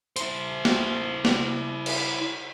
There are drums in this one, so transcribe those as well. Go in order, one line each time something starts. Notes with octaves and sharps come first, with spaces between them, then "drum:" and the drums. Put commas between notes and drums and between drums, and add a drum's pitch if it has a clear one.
E4 C5, drum: hi-hat
drum: snare
drum: snare
drum: cymbal